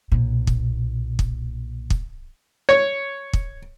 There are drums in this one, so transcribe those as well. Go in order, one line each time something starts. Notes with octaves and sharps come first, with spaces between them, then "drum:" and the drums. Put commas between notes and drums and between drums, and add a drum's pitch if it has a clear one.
B1 A#2
drum: kick
drum: kick
drum: kick
C#5
drum: kick